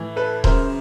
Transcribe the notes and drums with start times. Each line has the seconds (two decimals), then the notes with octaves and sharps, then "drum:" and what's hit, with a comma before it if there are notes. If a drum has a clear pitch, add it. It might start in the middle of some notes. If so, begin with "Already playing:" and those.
Already playing: A2 E3
0.16 A4 B4
0.44 F#2 C#3 E3 A#4 C5, drum: kick D#1